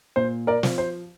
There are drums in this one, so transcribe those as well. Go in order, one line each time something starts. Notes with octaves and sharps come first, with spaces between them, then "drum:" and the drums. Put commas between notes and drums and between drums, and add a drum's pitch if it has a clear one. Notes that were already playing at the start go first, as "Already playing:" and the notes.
A#2 C5
A#4 D5
F3, drum: snare
C5